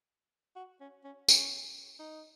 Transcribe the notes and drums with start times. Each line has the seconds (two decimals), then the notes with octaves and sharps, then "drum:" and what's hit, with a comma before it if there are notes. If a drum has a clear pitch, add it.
0.56 F#4
0.80 C#4
1.04 C#4
1.29 C#4, drum: tambourine
1.99 D#4